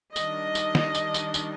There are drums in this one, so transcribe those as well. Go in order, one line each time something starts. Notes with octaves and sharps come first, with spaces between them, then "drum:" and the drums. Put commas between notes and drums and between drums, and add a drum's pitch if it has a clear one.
D#3 G3 D4 D#5, drum: tambourine
drum: tambourine
drum: snare
drum: tambourine
drum: tambourine
drum: tambourine